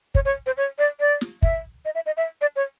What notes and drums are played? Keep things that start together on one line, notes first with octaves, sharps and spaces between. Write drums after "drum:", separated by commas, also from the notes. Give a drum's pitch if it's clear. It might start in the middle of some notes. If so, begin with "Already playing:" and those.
C#5, drum: kick
C#5
C5
C#5
D5
D5
drum: snare
E5, drum: kick
D#5
E5
D#5
E5
D5
C#5